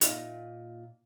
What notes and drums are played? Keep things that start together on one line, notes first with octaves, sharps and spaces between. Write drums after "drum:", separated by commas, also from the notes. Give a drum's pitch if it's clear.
A#2 D#4 E5, drum: hi-hat